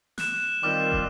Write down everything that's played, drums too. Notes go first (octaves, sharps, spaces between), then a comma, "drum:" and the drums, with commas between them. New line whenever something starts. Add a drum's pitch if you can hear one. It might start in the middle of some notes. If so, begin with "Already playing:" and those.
F#6 E7, drum: snare
D#3 G3 C4 F4 D6 F6
drum: kick